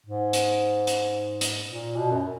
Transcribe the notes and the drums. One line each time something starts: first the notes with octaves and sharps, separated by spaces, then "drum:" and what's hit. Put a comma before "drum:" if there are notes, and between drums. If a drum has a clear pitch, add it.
G#2
drum: hi-hat
drum: hi-hat
drum: hi-hat
A#2
B2
F#2